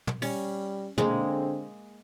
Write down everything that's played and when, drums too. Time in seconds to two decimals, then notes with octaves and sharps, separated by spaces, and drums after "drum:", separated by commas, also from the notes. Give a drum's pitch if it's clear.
0.07 drum: tom
0.22 G3 C#4, drum: open hi-hat
0.98 D3 G#3 A#3 C4 G#4, drum: tom